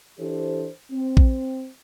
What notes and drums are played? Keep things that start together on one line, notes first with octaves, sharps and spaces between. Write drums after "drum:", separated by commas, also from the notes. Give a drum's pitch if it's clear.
E3 D4 G4 A4 C5
C4
drum: kick A#1